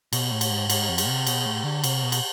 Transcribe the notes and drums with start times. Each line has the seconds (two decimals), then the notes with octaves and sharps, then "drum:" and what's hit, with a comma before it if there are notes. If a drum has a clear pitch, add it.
0.13 B2, drum: cymbal
0.31 A2
0.41 drum: cymbal
0.50 G#2
0.70 G#2, drum: cymbal
0.89 F2
0.98 drum: cymbal
1.08 C3
1.27 B2, drum: cymbal
1.46 A2
1.65 D3
1.84 C3, drum: cymbal
2.02 B2
2.12 drum: cymbal